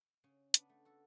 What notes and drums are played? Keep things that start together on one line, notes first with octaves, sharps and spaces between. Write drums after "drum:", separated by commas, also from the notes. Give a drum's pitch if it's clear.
C#3 C#4
B3 D4, drum: hi-hat
A3
F#4 A4